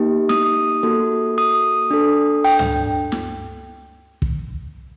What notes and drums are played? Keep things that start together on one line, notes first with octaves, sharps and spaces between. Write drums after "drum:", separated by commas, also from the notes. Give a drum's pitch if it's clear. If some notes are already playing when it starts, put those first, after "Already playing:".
Already playing: A#3 D#4 G4
D#6, drum: snare
A#3 F#4 A4
D#6
D4 A4
G5, drum: open hi-hat
drum: tom
drum: snare
drum: kick